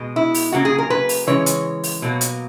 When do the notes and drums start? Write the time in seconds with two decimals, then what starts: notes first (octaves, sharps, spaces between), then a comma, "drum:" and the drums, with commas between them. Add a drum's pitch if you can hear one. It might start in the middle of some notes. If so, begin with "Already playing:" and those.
Already playing: B2 G#3
0.16 E4
0.34 drum: open hi-hat
0.52 C#3 F#3 A#3 F#4
0.65 G#4
0.78 A#4
0.90 B4
1.09 drum: open hi-hat
1.27 C#3 E3 G#3 C#5
1.46 drum: hi-hat
1.84 drum: open hi-hat
2.02 B2 F#3 A#3
2.21 drum: hi-hat